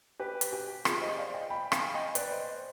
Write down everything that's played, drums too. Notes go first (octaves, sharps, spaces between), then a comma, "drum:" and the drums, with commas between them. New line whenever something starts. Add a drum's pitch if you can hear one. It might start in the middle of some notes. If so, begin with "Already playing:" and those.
G4 B4
drum: hi-hat
G4
F4 G#4, drum: rim click
C5 D#5
D5 F5
D#5 G5
G5 B5
F5 G#5, drum: rim click
D#5 G5
B4 D5, drum: hi-hat
C5 D#5